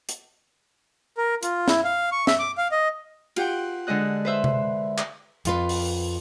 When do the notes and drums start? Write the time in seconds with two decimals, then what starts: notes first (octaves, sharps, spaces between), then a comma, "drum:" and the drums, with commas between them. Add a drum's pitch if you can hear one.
0.09 drum: hi-hat
1.17 A#4
1.43 F4, drum: hi-hat
1.68 E4, drum: snare
1.84 F5
2.12 C#6
2.27 E5, drum: snare
2.39 D6
2.58 F5
2.71 D#5
3.36 F4 G4 F#5 G5, drum: cymbal
3.87 D3 G#3 G#4 D#5 F#6
4.25 B4 C5 E5
4.44 drum: tom C3
4.98 drum: clap
5.45 F2 F4 B4, drum: hi-hat
5.69 drum: open hi-hat